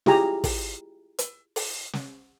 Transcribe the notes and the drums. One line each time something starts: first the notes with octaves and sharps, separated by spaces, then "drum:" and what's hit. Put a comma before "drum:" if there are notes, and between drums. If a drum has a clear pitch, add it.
E4 F4 G4 G#4 G#5 A#5, drum: snare
drum: kick, open hi-hat
drum: hi-hat
drum: open hi-hat
drum: snare